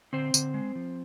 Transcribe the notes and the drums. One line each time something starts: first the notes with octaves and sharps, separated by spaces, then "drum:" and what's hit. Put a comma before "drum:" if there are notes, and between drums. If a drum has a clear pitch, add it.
D3 C4 C5
D3, drum: tambourine
G#3
F3